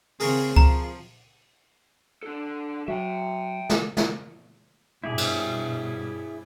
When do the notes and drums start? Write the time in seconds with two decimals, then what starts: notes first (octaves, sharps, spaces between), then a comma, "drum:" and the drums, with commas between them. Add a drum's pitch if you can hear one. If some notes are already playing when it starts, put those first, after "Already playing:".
0.20 C#3 C4 G#4 A#4 C#6, drum: open hi-hat
0.56 F3 A#5, drum: kick C#2
2.23 D4 A4
2.88 F#3 E5 G5
3.70 drum: snare
3.97 drum: snare
5.04 G2 B2 E4 G4 G#4
5.18 drum: cymbal